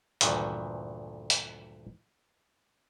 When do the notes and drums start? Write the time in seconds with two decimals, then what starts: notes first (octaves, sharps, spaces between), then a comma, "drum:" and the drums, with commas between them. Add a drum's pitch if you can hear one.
0.21 D2 G2 A#2 D#3 E3, drum: hi-hat
1.30 drum: hi-hat